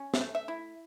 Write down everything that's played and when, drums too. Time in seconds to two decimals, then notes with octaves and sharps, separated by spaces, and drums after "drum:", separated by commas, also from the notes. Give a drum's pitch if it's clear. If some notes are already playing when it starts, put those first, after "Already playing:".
Already playing: C#4
0.14 E5, drum: snare
0.21 A3
0.35 E5
0.48 E4